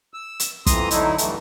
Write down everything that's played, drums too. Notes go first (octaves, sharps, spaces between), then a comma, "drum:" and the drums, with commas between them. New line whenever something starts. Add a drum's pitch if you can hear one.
E6
drum: hi-hat
F2 E3 A#5 C6 D#6, drum: kick, hi-hat
D3 F#3 A3 D#4 E4, drum: hi-hat
G2 E3 A3, drum: hi-hat